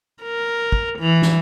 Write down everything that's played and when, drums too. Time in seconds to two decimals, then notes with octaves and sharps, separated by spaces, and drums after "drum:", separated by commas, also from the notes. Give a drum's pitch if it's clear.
0.23 A#4
0.72 drum: kick
0.99 E3
1.22 drum: snare